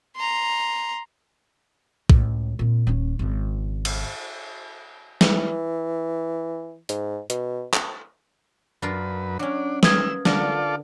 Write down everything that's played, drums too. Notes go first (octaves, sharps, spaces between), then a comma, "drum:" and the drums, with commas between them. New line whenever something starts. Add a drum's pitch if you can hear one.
A#5 C6
C#2 A2, drum: kick A#1
A#2 C4
D#1 C#4
G#1 C#3
drum: cymbal
E3, drum: snare
G#2, drum: hi-hat
B2, drum: hi-hat
drum: clap
F#2 D4 F4 A#4 B4
F#3 C#4 D4
F4 A#4 B4 D#6 E6 G#6, drum: snare
D3 D4 F4 A4 A#4 D5, drum: snare